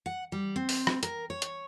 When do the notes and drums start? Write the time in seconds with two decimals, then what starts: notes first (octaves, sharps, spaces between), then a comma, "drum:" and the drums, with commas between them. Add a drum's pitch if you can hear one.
0.06 F#5
0.32 G3
0.56 C4
0.69 drum: open hi-hat
0.87 drum: rim click
1.03 A#4, drum: hi-hat
1.30 C#5
1.42 drum: hi-hat